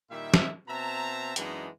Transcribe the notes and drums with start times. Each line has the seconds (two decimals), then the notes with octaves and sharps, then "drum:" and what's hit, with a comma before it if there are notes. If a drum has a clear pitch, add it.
0.10 A#2 D#3 G3 E4 E5
0.34 drum: snare
0.68 B2 C4 E5 A5 A#5
1.36 F#2 E3 G#3 B3 D4 D#4, drum: hi-hat